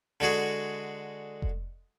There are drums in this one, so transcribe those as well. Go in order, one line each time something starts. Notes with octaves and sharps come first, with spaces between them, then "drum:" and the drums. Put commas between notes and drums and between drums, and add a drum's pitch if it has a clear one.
D3 G#3 F#4 G#4
drum: kick F1